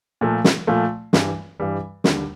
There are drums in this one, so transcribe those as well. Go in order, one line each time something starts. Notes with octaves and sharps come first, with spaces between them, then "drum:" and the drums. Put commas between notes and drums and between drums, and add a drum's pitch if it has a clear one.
A#2 F3 A3
drum: snare
A#2 F3 A3
G2 E3 G3, drum: snare
G2 E3 G3
D#2 D3 G3, drum: snare